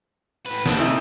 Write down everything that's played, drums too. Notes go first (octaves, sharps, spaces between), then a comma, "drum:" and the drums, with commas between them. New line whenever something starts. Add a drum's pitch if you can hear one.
A2 B4
C4 G4 A5, drum: snare
C#3 E3 C4 D#4